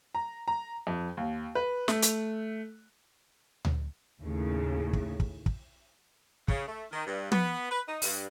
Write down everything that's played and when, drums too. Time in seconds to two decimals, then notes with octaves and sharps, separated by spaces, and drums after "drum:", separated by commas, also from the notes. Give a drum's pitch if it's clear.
0.15 A#5
0.48 A#5
0.87 F2
1.17 D#2
1.55 B4
1.88 A3, drum: snare
2.02 drum: hi-hat
3.65 drum: tom D2
4.20 D#2 A2 C#3
4.93 drum: kick
5.20 drum: kick
5.46 drum: kick
6.48 C#3, drum: kick
6.68 A3
6.91 D#3
7.07 G2
7.32 B3, drum: tom
7.71 B4
7.87 D#4
8.02 G2, drum: open hi-hat